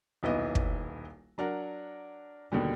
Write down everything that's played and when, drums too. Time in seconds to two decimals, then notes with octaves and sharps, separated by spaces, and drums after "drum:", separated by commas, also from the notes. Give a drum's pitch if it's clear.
0.23 D#1 B1 B3 E4 D#5
0.55 drum: kick
1.38 F#3 D4 A#4 F#5
2.52 D#2 B2 D3 G3